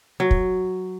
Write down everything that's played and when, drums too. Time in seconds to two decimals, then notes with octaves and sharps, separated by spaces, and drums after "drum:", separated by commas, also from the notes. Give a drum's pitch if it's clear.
0.20 F#3
0.31 drum: kick